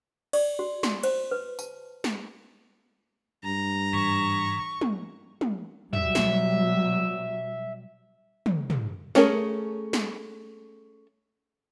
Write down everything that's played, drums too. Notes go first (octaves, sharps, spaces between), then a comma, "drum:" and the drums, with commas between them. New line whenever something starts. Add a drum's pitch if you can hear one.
D5, drum: cymbal
F#4
C6, drum: snare
C5, drum: cymbal
B4
A5, drum: tambourine
drum: snare
G2 A#5
G#2 E3 C#6
drum: tom
drum: tom
B2 F#3 G3 E5, drum: tom
drum: snare
drum: tom
drum: tom
A3 C#4 G#4 A#4, drum: snare
drum: snare